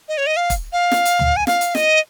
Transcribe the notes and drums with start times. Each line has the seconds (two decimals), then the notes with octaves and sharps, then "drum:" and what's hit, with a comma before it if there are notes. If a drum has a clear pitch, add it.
0.08 D#5
0.18 C#5
0.27 D#5
0.37 F5
0.50 drum: kick, hi-hat
0.73 F5
0.92 drum: snare
1.05 drum: hi-hat
1.19 drum: tom
1.37 G#5
1.47 F5, drum: snare
1.61 drum: hi-hat
1.75 D#5, drum: snare